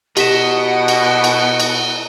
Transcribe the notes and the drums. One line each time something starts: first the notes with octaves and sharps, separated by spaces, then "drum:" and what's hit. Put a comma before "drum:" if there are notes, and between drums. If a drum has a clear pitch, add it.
B2 G4 D#5 F#5 B6 E7, drum: cymbal
drum: cymbal
drum: cymbal
drum: cymbal